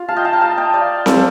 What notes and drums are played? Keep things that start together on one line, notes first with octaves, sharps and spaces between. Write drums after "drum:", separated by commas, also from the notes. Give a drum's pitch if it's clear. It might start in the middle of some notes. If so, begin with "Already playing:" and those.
Already playing: F4
F5 A5
D#5 G5
F5 A5
G5 A#5
F5 A5
D#5 G5
D5 F5
A4 C5, drum: snare C4